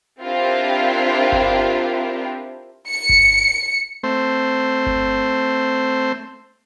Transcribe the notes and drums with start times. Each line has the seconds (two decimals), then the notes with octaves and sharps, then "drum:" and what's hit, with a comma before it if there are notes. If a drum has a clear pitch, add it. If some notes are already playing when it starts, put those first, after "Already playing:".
0.22 C4 D4 E4 F4 G4 A#4
1.32 drum: kick G1
2.88 C#7
3.09 drum: kick G1
4.03 A3 C4 C5
4.86 drum: kick G1